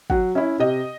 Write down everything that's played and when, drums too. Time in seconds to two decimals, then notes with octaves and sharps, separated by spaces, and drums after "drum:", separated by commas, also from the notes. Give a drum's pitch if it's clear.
0.10 F#3 F#5, drum: kick
0.35 C#4 E4 E5
0.59 C3 D#5